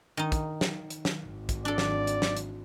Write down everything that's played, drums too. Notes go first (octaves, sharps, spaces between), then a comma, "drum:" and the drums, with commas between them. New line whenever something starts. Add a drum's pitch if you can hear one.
D#3 D#4
drum: kick, hi-hat
drum: snare
drum: hi-hat
drum: snare
G#1
drum: kick, hi-hat
D4 A4 D5
drum: snare
drum: hi-hat
drum: snare
drum: hi-hat